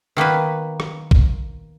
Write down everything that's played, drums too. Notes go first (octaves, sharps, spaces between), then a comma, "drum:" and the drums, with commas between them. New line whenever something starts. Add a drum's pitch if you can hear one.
D#3 A#3 B3 B4
drum: rim click
drum: kick